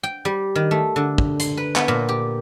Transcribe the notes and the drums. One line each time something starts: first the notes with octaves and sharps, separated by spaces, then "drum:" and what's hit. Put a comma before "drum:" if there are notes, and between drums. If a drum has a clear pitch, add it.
G5
G3
D#3
A3
D3
drum: kick
C6, drum: hi-hat
B4
B3, drum: clap
A#2
G4